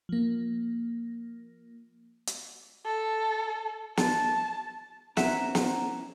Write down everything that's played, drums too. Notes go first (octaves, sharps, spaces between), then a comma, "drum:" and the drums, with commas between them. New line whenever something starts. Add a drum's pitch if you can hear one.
F3 A#3
drum: hi-hat
A4
A5, drum: snare
C4 C#4 E4 E5 F#5 A#5, drum: snare
drum: snare